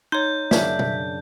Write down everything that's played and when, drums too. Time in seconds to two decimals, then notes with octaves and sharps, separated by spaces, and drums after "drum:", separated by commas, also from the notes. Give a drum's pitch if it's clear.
0.12 D#4 C#5 C6 G6
0.51 F#2 C#3 D4 E5, drum: snare
0.79 drum: tom